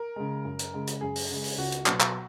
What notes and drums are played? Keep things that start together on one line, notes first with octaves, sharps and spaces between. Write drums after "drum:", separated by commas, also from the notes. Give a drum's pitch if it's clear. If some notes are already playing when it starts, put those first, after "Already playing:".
Already playing: A#4
C#3 G#3
F#2
drum: hi-hat
C#3 G#3
drum: hi-hat
F#2 G#4
drum: open hi-hat
C#3 G#3
drum: open hi-hat
C#2 F#4
drum: hi-hat
B2 F#3 B3, drum: clap
drum: clap